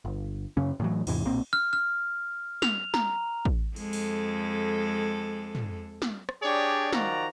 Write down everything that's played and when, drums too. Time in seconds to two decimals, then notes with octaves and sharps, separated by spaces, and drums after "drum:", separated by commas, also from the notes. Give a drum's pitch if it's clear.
0.05 G1
0.57 F#2 C#3 C#4
0.80 A2 E3 F#3
1.07 E2 G#2 C3 E3, drum: cymbal
1.25 B1 A#2 A#3 C4
1.53 F6
1.73 F6
2.62 F7, drum: snare
2.94 A#5, drum: snare
3.45 drum: kick
3.76 F2 G#3 A4, drum: cymbal
3.93 drum: open hi-hat
5.55 drum: tom
6.02 drum: snare
6.29 drum: rim click
6.42 D4 G4 G#4 C#5 D5
6.93 D#3 F3 F#4 D5 A#5, drum: snare